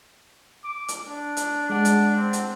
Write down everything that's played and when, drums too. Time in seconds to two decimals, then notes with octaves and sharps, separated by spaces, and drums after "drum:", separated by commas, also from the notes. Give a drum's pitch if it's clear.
0.64 D6
0.88 drum: hi-hat
1.07 D4
1.37 drum: hi-hat
1.70 G#3 D4 F#5
1.85 drum: hi-hat
2.17 C4
2.33 drum: hi-hat